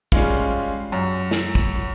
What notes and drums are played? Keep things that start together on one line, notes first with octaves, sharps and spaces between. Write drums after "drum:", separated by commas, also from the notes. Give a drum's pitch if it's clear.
G3 G#3 C#4 F4, drum: kick
F#2
drum: snare
drum: kick